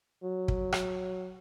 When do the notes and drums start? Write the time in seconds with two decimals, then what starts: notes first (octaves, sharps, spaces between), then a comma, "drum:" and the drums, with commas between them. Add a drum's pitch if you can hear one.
0.24 F#3
0.48 drum: kick
0.72 drum: rim click